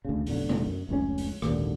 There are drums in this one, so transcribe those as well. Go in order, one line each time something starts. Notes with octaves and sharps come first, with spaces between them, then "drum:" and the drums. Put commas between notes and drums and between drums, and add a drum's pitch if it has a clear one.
D2 C#3
F1 B1 D3, drum: open hi-hat
drum: tom C3
F#2
F1 C#2 A2 C#4
drum: open hi-hat
G#1 D#2 A#2 D3, drum: rim click